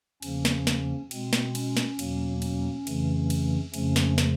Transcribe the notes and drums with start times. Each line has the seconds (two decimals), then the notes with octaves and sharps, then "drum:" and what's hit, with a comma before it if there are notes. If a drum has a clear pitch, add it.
0.22 E2 C#3 F3 A#3 C#4, drum: cymbal
0.45 drum: snare
0.67 drum: snare
1.11 B2 G#3 C4, drum: cymbal
1.33 drum: snare
1.55 C#4, drum: cymbal
1.77 drum: snare
1.99 E2 B2 F#3 A#3, drum: cymbal
2.42 C#4, drum: cymbal
2.87 F2 C#3 E3 A3, drum: cymbal
3.30 drum: cymbal
3.74 F2 C#3 F3 A3 C#4, drum: cymbal
3.96 drum: snare
4.18 drum: snare